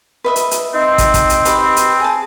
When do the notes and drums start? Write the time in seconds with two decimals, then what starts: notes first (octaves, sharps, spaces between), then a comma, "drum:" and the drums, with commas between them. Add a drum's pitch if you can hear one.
0.24 B4 D#5 E5
0.36 drum: hi-hat
0.51 drum: hi-hat
0.74 C4 D#4
0.98 drum: kick, hi-hat
1.14 drum: kick, hi-hat
1.30 drum: hi-hat
1.45 G4 B4, drum: hi-hat
1.76 drum: hi-hat
2.00 G#4 A5